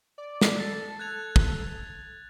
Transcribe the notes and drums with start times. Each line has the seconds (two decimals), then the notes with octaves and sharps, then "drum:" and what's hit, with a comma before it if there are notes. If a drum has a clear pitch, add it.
0.18 D5
0.41 drum: snare
0.60 A4 A6
0.99 F#6 G#6 F7
1.36 drum: kick